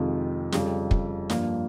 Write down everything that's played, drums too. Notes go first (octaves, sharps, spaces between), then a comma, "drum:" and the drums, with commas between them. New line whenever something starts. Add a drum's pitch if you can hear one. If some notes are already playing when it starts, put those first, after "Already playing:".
Already playing: F2 C3 D#3 G#3 F4
F2 C#3 G3, drum: snare
drum: kick
G2 F3 A#3, drum: snare